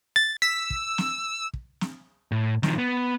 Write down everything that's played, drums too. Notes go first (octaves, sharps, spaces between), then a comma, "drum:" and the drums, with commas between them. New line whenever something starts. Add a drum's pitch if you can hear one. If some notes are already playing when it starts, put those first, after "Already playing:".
A6
E6 B6
drum: kick
drum: snare
drum: kick
drum: snare
A2
D#3 F3, drum: snare
B3